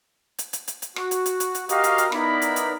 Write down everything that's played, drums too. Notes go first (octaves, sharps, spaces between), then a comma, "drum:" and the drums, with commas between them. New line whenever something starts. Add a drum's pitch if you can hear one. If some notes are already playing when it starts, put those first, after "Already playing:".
drum: hi-hat
drum: hi-hat
drum: hi-hat
drum: hi-hat
F#4, drum: rim click
drum: hi-hat
drum: hi-hat
drum: hi-hat
drum: hi-hat
F#4 G4 A#4 D#5 F5, drum: hi-hat
drum: hi-hat
drum: hi-hat
B3 D#4 E4 A#4 D5 B5, drum: rim click
drum: hi-hat
drum: hi-hat